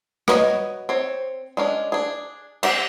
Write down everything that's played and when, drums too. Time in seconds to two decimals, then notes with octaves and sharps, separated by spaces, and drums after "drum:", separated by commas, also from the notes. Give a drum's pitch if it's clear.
0.28 F#4 B4 C#5 D#5, drum: rim click
0.89 C4 C#5
1.57 G#3 C#4 D4
1.92 D4 G#4
2.63 C4 G4 F#5, drum: cymbal